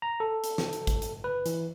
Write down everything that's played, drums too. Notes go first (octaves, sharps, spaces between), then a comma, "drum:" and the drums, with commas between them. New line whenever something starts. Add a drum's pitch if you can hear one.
A#5
A4
drum: hi-hat
drum: snare
drum: hi-hat
drum: kick G#1, hi-hat
drum: hi-hat
B4
E3, drum: hi-hat